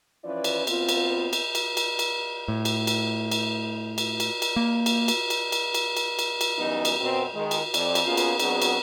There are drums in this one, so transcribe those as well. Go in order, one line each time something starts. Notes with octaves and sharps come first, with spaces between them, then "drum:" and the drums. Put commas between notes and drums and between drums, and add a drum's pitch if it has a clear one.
E3 F3 C#4 E4 B4 D5
drum: cymbal
A#2 B3 C4 F4, drum: cymbal
drum: cymbal
drum: cymbal
drum: cymbal
drum: cymbal
drum: cymbal
A2
drum: cymbal
drum: cymbal
drum: cymbal
drum: cymbal
drum: cymbal
drum: cymbal
A#3
drum: cymbal
drum: cymbal
drum: cymbal
drum: cymbal
drum: cymbal
drum: cymbal
drum: cymbal
drum: cymbal
F#2 E3 G3 B3 D#4
drum: cymbal
F#2 B2 C4
D#3 G#3
drum: cymbal
F2 D5, drum: cymbal
drum: cymbal
A#3 B3 C#4 F4 G#4
drum: cymbal
F#3 B3 C4 D4 F#4 G#4, drum: cymbal
drum: cymbal